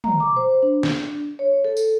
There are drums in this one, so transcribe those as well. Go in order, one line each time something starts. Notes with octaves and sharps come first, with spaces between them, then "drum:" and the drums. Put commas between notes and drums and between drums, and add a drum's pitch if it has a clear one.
A#5, drum: tom
D6
C5
D4
drum: snare
C#5
A4
drum: tambourine